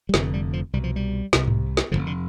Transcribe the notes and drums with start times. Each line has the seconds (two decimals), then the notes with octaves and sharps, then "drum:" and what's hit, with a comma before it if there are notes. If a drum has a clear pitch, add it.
0.09 G3
0.14 F1 F2 D3 F3, drum: snare
0.34 G3
0.53 F3
0.73 C2 B2 G3
0.84 F3
0.96 G3
1.33 C2 C3, drum: snare
1.47 drum: tom G#2
1.77 drum: snare
1.91 F1 D#2 D3 F3
2.07 D3